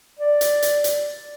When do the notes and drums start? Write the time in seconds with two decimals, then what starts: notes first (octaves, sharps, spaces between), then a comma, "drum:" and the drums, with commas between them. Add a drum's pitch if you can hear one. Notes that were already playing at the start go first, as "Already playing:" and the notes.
0.19 D5
0.41 drum: hi-hat
0.62 drum: hi-hat
0.84 drum: hi-hat